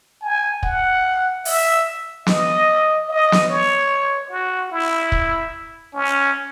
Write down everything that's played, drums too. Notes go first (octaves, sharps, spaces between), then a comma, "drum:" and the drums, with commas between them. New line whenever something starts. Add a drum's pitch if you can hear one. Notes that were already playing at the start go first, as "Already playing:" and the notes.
G#5
F#5, drum: kick
E5, drum: open hi-hat
D#5, drum: snare
D#5
drum: snare
C#5
F#4
E4
drum: kick
C#4